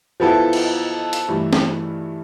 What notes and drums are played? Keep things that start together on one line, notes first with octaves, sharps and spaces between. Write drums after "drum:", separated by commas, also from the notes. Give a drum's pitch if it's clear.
F3 B3 E4 A4
drum: cymbal
drum: hi-hat
G2 E3 A3
drum: snare